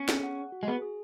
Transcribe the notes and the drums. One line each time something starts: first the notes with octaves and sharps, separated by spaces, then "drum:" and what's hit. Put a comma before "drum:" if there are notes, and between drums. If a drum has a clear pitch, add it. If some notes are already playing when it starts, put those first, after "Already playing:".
Already playing: B3 C#4
G#4, drum: snare
F#5
F#5
F#4
G#3
B3 G#4
G#4